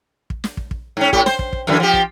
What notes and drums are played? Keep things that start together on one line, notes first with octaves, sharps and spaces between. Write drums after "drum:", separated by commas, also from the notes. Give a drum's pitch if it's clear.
drum: kick
drum: snare
drum: kick
drum: kick
G#2 C#4
A2 G4, drum: kick
C5, drum: snare
drum: kick
drum: kick
F#2 D3 E3
F3 G4
drum: kick